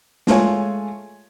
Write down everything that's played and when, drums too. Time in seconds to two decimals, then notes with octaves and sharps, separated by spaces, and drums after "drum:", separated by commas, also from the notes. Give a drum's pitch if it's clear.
0.27 G#3 A3 F4 C#5 G#5, drum: snare